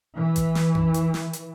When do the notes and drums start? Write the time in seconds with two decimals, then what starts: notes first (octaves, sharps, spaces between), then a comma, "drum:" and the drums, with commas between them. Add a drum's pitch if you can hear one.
0.16 E3
0.36 drum: kick A1, hi-hat
0.55 drum: snare
0.75 drum: tom F2
0.94 drum: hi-hat
1.14 drum: snare
1.33 drum: hi-hat